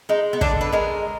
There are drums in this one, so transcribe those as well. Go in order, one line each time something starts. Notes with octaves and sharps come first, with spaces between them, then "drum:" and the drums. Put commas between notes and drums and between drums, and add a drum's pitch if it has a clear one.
G#3 D#4
B3
D3 D4, drum: kick
B4
G#3 A#4